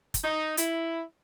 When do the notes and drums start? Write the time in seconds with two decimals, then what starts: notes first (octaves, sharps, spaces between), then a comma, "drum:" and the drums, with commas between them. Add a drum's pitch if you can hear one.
0.14 drum: kick, hi-hat
0.24 D#4
0.57 E4, drum: hi-hat